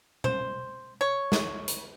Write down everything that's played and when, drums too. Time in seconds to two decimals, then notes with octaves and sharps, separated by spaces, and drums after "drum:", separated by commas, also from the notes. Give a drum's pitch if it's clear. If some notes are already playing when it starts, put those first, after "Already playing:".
0.24 C5, drum: tom B2
1.01 C#5
1.32 drum: snare
1.68 drum: hi-hat